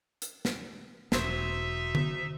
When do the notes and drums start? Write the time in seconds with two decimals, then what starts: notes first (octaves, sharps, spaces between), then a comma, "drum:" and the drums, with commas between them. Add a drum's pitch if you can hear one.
0.22 drum: hi-hat
0.45 drum: snare
1.12 E1 F#3 C4 D#4 C5 E5, drum: snare
1.95 drum: tom D3